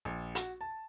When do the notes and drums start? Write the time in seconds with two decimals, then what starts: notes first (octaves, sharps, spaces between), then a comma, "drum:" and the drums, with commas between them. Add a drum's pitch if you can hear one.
0.05 A#1
0.35 F#4, drum: hi-hat
0.61 A5